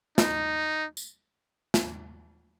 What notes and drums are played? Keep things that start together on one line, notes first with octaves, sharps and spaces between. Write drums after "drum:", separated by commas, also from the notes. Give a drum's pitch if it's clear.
D#4, drum: snare
drum: tambourine
drum: snare